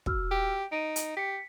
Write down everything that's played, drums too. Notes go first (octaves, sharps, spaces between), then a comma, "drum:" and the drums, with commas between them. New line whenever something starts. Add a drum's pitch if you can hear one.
F#4 E6 F6, drum: kick
G4
D#4 D7 D#7
drum: hi-hat
G4 B6 C#7